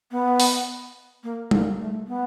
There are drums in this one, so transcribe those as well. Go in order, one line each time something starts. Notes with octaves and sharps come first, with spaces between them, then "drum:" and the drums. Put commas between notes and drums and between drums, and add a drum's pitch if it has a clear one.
B3
drum: open hi-hat
A#3
A#3, drum: tom G3
A3
B3